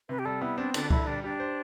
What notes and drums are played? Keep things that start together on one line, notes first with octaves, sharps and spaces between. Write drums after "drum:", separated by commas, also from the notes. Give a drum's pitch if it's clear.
C3 B4
G4
G3 A4
B3 E4
C4 D4
D3 D4, drum: cymbal
D3 E4, drum: kick C#2
G3 D4
D4 G4
C5